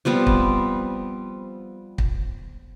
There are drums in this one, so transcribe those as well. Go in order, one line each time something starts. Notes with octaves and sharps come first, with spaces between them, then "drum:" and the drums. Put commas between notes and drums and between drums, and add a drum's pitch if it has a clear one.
F3 G3 B3 C4
drum: kick
drum: kick